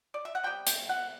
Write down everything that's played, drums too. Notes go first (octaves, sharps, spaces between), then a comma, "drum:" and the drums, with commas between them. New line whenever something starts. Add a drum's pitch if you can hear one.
D5
E5
F#5
C3 G3 B3 G5
G5, drum: hi-hat
F#5